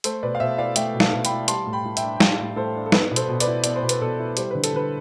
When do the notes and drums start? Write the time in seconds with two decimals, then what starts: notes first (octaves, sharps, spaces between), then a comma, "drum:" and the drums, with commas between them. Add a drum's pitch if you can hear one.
0.04 A3 A4 C5, drum: hi-hat
0.23 B2 B4 D5
0.35 F5
0.40 B2 C5 E5
0.58 E4 D5 F5
0.76 A3 E5 G5, drum: hi-hat
0.94 B2
1.00 F5 A5, drum: snare
1.13 B2
1.25 G5 B5, drum: hi-hat
1.31 E4
1.48 G3 A5 C6, drum: hi-hat
1.66 A2
1.73 G5 B5
1.85 A2
1.97 E5 G5, drum: hi-hat
2.03 D4
2.16 G5
2.20 G3 F5 A5, drum: snare
2.39 A2
2.56 A2 A4 C5
2.75 D4
2.86 A4
2.92 B3 B4, drum: snare
3.11 B2
3.16 A4 C5, drum: hi-hat
3.29 B2
3.40 B4 D5, drum: hi-hat
3.47 E4
3.64 B3 D5, drum: hi-hat
3.76 C5
3.83 B2
3.89 B4, drum: hi-hat
4.01 B2 A4
4.19 E4
4.37 G3 C5, drum: hi-hat
4.51 D3 B4
4.64 A4, drum: hi-hat
4.73 D3 B4